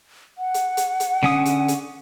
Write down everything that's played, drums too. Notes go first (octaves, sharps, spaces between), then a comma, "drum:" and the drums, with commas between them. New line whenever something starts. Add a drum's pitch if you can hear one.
F#5
drum: hi-hat
drum: hi-hat
drum: hi-hat
D3 C#4 D#6, drum: snare
drum: hi-hat
drum: hi-hat